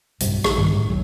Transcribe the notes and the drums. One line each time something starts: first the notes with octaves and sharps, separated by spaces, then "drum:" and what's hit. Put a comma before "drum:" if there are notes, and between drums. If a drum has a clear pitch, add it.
C2 G2 B2, drum: hi-hat
A#1, drum: rim click
G2 D#3 G3
A2 G#3
A#1 D#2 D3 F#3